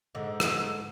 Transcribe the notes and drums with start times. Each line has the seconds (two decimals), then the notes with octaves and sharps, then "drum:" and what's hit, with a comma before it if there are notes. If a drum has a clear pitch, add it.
0.15 G#2 D3
0.40 drum: rim click